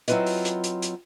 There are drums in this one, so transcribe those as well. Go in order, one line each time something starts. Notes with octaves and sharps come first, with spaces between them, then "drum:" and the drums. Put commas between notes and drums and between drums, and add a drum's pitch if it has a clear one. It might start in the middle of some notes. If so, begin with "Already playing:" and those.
F#3 C4 E4 F4 B4 D#5, drum: hi-hat
drum: open hi-hat
drum: hi-hat
drum: hi-hat
drum: hi-hat